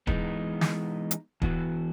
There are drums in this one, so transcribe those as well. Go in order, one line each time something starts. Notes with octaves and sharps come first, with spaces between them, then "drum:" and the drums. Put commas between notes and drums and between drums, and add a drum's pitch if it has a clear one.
E3 G#3 B3 D#4, drum: kick
drum: snare
drum: hi-hat
E3 B3 F#4, drum: kick